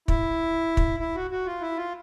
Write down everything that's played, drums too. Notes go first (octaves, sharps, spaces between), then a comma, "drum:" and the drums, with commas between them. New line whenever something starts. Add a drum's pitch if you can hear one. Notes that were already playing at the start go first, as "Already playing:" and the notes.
E4, drum: kick
drum: kick
E4
F#4
F#4
F4
E4
F4